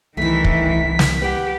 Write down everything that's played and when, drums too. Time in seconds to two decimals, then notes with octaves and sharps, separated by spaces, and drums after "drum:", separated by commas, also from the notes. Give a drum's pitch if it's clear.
0.17 C2 D#3 E3 A3 E4 B6
0.44 drum: kick
0.99 drum: snare
1.22 G4 B4 F#5